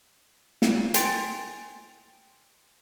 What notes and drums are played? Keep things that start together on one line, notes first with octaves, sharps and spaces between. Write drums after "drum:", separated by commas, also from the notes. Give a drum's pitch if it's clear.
drum: snare
G5 G#5 C6 A6 D7, drum: hi-hat